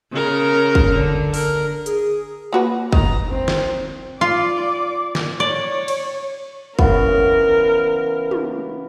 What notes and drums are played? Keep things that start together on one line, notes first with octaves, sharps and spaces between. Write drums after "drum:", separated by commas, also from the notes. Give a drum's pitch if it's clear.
C#3 A#4
drum: kick
D3
A#4, drum: open hi-hat
G#4, drum: hi-hat
A#3 F#4 B4
D#3 D#4 A#5, drum: kick
C4
drum: snare
F4 D5 D6
drum: snare
C#5 D5
drum: cymbal
C#3 E3 B3 A#4, drum: kick
drum: tom